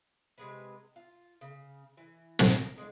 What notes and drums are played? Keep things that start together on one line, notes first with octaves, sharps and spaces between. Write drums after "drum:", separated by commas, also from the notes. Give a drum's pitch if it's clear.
C3 G#3 B4
F4
C#3
E3
drum: snare
A#4 D5
G#3 D4 F#4 G#4